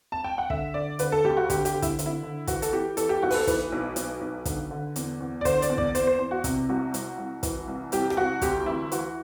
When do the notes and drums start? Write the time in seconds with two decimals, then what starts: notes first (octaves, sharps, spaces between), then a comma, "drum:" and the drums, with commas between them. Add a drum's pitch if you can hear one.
0.12 A5
0.24 G5
0.38 F#5
0.50 D3 E5, drum: kick
0.74 D3 D5
0.99 D3 B4, drum: hi-hat
1.12 A4
1.24 D2 G4
1.37 F#4
1.50 D3 G4, drum: kick, hi-hat
1.65 G4, drum: hi-hat
1.74 D3
1.82 E4, drum: kick, hi-hat
1.99 D3, drum: hi-hat
2.06 E4
2.23 D3
2.47 E3 F#4, drum: kick, hi-hat
2.62 A4, drum: hi-hat
2.73 E3 G4
2.97 E3 A4, drum: hi-hat
3.09 G4
3.23 B1 F#4
3.31 B4, drum: open hi-hat
3.35 A4
3.47 E3 B4, drum: kick, hi-hat
3.72 B1
3.96 B1, drum: hi-hat
4.21 B1
4.45 D3, drum: kick, hi-hat
4.71 D3
4.96 E2, drum: hi-hat
5.20 E2
5.41 D5
5.45 D3 C5, drum: kick, hi-hat
5.62 D5, drum: hi-hat
5.69 E2
5.78 D5, drum: kick
5.95 E2 C5, drum: hi-hat
6.07 C5
6.19 E2
6.31 F#4
6.44 C3, drum: kick, hi-hat
6.69 C2 F#4
6.94 C2, drum: hi-hat
7.18 C2
7.43 E3, drum: kick, hi-hat
7.68 C2
7.92 C2 G4, drum: hi-hat
8.10 G4, drum: rim click
8.17 C2 F#4
8.41 D2 G4, drum: kick, hi-hat
8.66 E3 E4
8.92 E3 F#4, drum: hi-hat